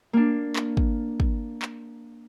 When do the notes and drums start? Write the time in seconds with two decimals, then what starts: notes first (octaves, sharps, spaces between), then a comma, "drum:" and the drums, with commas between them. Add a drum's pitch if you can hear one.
0.13 A#3 D4
0.56 drum: clap
0.77 drum: kick
1.20 drum: kick
1.62 drum: clap